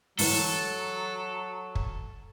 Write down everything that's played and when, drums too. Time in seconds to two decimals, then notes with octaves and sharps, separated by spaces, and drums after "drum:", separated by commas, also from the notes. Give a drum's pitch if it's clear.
0.19 D2 G#2 E3 F#3 A4, drum: open hi-hat
1.75 drum: kick